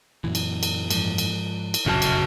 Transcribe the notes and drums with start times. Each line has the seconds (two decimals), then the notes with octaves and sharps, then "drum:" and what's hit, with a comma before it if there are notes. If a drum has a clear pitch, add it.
0.24 F#2 A#2 E3
0.35 drum: cymbal
0.63 drum: cymbal
0.90 G#2 F3, drum: cymbal
1.18 drum: cymbal
1.74 drum: cymbal
1.86 F1 A#1 F#2 C#3 F#4 A5
2.02 drum: cymbal